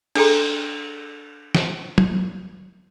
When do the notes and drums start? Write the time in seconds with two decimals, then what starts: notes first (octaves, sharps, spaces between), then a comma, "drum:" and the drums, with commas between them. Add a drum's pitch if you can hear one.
0.15 D4 G#4 A4 G5 A#5 C6, drum: cymbal
1.55 drum: snare
1.98 drum: tom